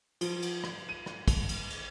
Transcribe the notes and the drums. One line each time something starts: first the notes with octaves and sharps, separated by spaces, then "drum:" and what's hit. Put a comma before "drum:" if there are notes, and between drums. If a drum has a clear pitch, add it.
F3, drum: cymbal
drum: cymbal
drum: rim click
D#7
drum: rim click
drum: kick, cymbal
drum: cymbal
drum: cymbal